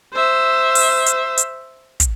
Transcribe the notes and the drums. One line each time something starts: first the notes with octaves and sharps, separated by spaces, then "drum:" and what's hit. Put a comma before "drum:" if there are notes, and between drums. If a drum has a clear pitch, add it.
C5 E5
drum: open hi-hat
drum: hi-hat
drum: hi-hat
drum: kick, hi-hat